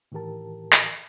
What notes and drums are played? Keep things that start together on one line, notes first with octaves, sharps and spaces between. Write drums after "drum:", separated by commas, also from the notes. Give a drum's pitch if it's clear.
A2 D#3 E3 G4 A#4 A5
drum: clap